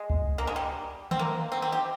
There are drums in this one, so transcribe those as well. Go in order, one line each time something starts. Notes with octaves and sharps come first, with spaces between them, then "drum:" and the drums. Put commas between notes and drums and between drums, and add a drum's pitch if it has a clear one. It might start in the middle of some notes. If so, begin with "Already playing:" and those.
Already playing: G#3
drum: kick C#2
A#3
G#3
G3
C4, drum: tom D#3
A#3
C4
C4
G4